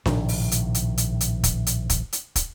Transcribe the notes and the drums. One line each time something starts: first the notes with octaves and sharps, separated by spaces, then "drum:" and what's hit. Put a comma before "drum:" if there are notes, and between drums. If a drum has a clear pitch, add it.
A#1 A2 C3 D#3, drum: snare D4
drum: open hi-hat
drum: hi-hat
drum: hi-hat
drum: hi-hat
drum: hi-hat
drum: kick, hi-hat
drum: hi-hat
drum: kick, hi-hat
drum: hi-hat
drum: kick, hi-hat